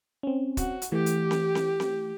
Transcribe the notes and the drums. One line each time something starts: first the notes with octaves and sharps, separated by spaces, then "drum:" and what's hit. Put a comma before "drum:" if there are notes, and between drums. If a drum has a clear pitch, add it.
C4 C#4
F#4, drum: kick, hi-hat
drum: hi-hat
E3 A3 G4
drum: hi-hat
drum: snare C4
drum: snare C4
drum: snare C4